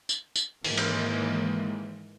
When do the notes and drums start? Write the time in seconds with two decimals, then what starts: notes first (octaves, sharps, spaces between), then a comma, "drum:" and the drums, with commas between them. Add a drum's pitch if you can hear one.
0.09 drum: tambourine
0.36 drum: tambourine
0.64 G#2 D#3 E3 G#3 A#3, drum: open hi-hat
0.78 drum: cymbal